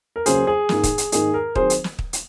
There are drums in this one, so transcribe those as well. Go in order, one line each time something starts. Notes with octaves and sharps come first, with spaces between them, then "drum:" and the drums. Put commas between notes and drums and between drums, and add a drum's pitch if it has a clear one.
A#4
C#2 C#3 F#3 A#3 C#4 G#4 C5, drum: hi-hat
G#4
G#2 D#3 A#3 D#4, drum: snare
drum: kick, hi-hat
drum: hi-hat
G#2 D#3 A#3 D#4 G#4, drum: hi-hat
A#4
D#3 F#3 C4 G#4 C5, drum: kick
drum: hi-hat
drum: snare
drum: kick
drum: hi-hat